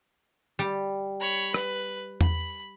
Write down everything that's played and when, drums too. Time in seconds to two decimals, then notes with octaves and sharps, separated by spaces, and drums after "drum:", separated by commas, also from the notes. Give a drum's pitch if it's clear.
0.59 G3
1.20 C#5 B5
1.54 B4, drum: rim click
2.21 B5, drum: tom E2